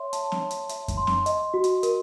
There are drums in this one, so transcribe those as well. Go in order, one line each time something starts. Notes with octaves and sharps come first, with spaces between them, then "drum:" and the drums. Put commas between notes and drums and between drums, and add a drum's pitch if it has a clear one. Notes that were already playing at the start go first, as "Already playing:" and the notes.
Already playing: C#5 E5 C6
A5, drum: hi-hat
drum: snare
C#5
drum: hi-hat
E5, drum: hi-hat
drum: kick F#2, hi-hat
C6
drum: snare
D#5, drum: hi-hat
F#4
drum: hi-hat
A#4, drum: hi-hat